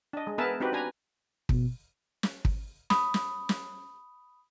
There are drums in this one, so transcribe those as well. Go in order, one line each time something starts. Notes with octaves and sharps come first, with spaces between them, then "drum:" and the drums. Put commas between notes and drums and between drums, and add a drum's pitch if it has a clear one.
D4 D#5
G#3
B3 G#4 A#4 B4 E5 A5
C4 D#4 F#4 G4 B4
D4 B4 G#5 A#5
B2, drum: kick
drum: snare
drum: kick
B5 D#6, drum: snare
drum: snare
drum: snare